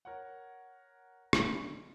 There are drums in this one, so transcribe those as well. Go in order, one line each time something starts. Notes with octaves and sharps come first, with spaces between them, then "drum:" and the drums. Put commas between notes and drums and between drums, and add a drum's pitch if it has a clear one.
A#4 C#5 F#5
F1 B1 D3 B3 C#4, drum: rim click